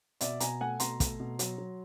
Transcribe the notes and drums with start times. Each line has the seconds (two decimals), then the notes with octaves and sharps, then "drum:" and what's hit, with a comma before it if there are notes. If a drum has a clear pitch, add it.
0.21 B2 D5 E5, drum: hi-hat
0.40 B2 G#5 A#5, drum: hi-hat
0.61 A3 F#5 G#5
0.80 B2 A#5 C6, drum: hi-hat
1.00 A3, drum: kick, hi-hat
1.20 B2
1.39 F#3, drum: hi-hat
1.58 F#3